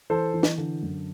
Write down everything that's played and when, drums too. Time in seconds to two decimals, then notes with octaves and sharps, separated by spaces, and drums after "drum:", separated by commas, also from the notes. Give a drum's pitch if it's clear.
0.10 E3 A4 C5
0.34 E3
0.43 drum: snare
0.58 D3
0.82 F#2